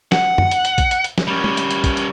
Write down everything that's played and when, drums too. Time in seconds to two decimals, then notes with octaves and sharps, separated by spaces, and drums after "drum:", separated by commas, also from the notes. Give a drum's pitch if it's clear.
0.12 F#5, drum: snare
0.38 drum: tom F#2
0.51 drum: hi-hat
0.65 drum: hi-hat
0.78 drum: kick, hi-hat
0.91 drum: hi-hat
1.04 drum: hi-hat
1.18 drum: snare
1.27 G3 C#4
1.44 drum: tom
1.57 drum: hi-hat
1.71 drum: hi-hat
1.84 drum: kick, hi-hat
1.97 drum: hi-hat